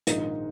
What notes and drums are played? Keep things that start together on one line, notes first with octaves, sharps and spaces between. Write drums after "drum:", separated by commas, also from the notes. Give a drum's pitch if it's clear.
A#1 G#2 D#3 A#3 D#4, drum: hi-hat